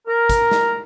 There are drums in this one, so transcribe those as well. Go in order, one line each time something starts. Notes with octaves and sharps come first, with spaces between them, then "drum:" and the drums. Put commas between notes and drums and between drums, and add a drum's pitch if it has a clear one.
A#4
drum: kick, hi-hat
drum: snare